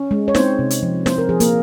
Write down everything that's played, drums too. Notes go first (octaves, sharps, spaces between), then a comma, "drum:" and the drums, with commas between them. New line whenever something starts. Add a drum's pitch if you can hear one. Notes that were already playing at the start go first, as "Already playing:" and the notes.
Already playing: C#4
G#3
C#5
C4 D#4 C5, drum: snare
C3
drum: hi-hat
F3
C4 C5, drum: snare
A#4
F3 G#4
A#3 A#4, drum: hi-hat